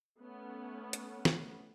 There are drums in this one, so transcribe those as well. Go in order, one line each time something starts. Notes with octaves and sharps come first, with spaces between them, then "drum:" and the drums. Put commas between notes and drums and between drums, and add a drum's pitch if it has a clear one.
A3 B3 C#4
drum: hi-hat
drum: snare